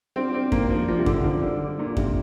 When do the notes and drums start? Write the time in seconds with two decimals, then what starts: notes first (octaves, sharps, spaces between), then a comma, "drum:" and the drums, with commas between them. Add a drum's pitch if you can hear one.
0.16 G3 C4 D4 F4 D5
0.34 C4
0.52 A#3, drum: kick F#2
0.70 F3 G3 D4 F4 D5
0.88 F3
0.99 C3
1.06 D3, drum: kick F#2
1.24 F3 G3 D4 F4 D5
1.42 D3
1.78 A#2 G3 D4 F4 D5
1.97 C3, drum: kick F#2